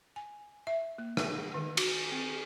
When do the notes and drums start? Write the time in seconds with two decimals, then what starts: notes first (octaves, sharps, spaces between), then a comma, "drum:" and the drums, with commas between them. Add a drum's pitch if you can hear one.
0.16 G#5
0.67 E5
0.98 A#3
1.17 drum: rim click
1.54 D#3
1.77 F#4, drum: cymbal
2.12 C4
2.32 G4